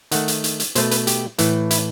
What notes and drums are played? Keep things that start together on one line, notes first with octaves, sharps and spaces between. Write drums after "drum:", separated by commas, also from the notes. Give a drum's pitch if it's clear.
D#3 A3 F#5, drum: hi-hat
drum: hi-hat
drum: hi-hat
drum: hi-hat
B2 A3 C5, drum: hi-hat
B4, drum: hi-hat
G4, drum: hi-hat
A2 E3 A3, drum: hi-hat
E4, drum: hi-hat